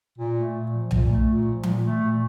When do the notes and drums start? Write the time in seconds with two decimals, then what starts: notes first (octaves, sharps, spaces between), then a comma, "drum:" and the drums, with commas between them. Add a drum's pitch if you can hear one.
0.17 A#2
0.35 A3
0.54 A#2
0.72 F3
0.91 A#2, drum: tom B1
1.09 A3
1.27 A#2
1.45 F3
1.63 A#2, drum: tom E3
1.82 A3
2.00 A#2